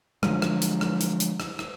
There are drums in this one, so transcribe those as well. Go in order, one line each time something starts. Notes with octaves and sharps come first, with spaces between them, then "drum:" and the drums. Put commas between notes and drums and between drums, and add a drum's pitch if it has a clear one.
D3 F3 F#3 G#3, drum: rim click
drum: rim click
drum: hi-hat
drum: rim click
drum: hi-hat
drum: hi-hat
drum: rim click
drum: rim click